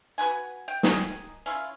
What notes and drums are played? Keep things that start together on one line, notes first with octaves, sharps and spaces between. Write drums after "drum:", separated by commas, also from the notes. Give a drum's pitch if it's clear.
F#4 B4 F#5 G#5
G5
D#3 G#4, drum: snare
C#4 E4 F4